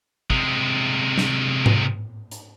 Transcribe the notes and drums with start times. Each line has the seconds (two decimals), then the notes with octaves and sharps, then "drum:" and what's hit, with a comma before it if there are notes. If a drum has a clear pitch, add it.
0.30 C3 G#3, drum: kick
1.18 drum: snare
1.66 drum: tom G#2
2.31 drum: hi-hat